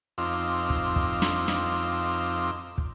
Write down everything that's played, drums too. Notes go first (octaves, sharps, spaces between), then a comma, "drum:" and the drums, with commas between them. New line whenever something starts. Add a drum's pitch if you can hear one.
F2 C4 D#4 F4 D6 E6
drum: kick
drum: kick
drum: snare
drum: snare
drum: kick